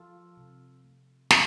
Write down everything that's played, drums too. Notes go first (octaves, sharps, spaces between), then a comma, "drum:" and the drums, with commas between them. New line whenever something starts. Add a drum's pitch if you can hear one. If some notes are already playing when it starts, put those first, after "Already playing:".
Already playing: F3 F4 A4
C3
A3
C3, drum: snare